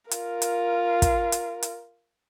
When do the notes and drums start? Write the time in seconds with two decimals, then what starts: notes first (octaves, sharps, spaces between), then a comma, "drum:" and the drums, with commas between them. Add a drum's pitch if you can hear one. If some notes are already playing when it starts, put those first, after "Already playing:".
0.11 F4 A#4, drum: hi-hat
0.42 drum: hi-hat
1.02 drum: kick, hi-hat
1.32 drum: hi-hat
1.62 drum: hi-hat